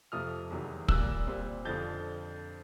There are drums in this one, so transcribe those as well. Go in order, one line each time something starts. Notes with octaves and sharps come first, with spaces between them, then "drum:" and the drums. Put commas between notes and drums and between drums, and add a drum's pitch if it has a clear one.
F2 C3 F3 A3 D#6 F6
E2 C3 D#3 F#3
A#2 G3 A#3 E6 F#6, drum: kick
A#2 G3 C4
F2 D3 F3 G6 A6